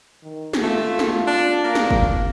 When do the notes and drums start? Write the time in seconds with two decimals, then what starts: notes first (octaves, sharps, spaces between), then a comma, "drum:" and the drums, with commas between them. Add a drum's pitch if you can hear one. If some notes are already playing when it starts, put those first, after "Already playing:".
0.23 D#3
0.53 drum: snare
0.63 A3 F4
0.99 drum: snare
1.27 D4
1.64 A#3 F4
1.75 drum: snare
1.90 drum: kick